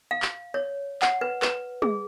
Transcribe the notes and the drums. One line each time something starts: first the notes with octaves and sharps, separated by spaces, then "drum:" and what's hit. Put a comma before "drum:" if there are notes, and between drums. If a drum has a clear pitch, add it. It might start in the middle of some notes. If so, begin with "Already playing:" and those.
F5
drum: clap
C#5
F#5, drum: clap
B4
B4, drum: clap
G#4, drum: tom